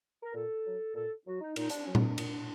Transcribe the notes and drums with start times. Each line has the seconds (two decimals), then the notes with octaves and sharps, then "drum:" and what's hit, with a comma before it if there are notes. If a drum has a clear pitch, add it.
0.23 A#4
0.34 A#2 A4
0.65 F#3
0.95 A#2 A4
1.26 F#3 F#4
1.41 D#4
1.56 A#2 D#4, drum: cymbal
1.69 D4, drum: hi-hat
1.83 F#3 C#4
1.95 D4, drum: tom A#2
2.18 A#2, drum: cymbal